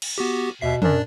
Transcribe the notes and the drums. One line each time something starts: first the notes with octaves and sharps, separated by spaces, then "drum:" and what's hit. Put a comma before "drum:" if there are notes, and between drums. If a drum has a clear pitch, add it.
drum: cymbal
B3 F#4 G4
D#2 B2 E5 C7
F#2 D4 D5, drum: tom